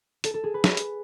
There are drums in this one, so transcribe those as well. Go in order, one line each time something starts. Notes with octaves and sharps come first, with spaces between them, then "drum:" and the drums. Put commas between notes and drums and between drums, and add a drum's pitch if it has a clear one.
A4, drum: hi-hat
A4
G#4
B4
drum: snare
drum: hi-hat